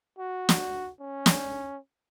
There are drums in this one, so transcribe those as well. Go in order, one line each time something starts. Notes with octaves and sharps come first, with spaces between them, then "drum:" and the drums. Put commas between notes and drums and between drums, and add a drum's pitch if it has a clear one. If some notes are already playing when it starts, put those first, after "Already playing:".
F#4
drum: snare
C#4
drum: snare